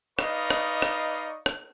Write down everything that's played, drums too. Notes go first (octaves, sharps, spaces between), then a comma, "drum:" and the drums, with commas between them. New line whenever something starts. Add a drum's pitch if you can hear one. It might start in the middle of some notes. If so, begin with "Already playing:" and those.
D#4 B4 D5 D#5 F5 C#6, drum: rim click
drum: rim click
drum: rim click
drum: tambourine
drum: rim click